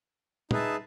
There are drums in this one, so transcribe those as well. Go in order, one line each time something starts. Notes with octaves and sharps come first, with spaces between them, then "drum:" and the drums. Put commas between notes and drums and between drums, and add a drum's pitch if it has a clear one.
D#4 G#4 B4 E5 A5, drum: tom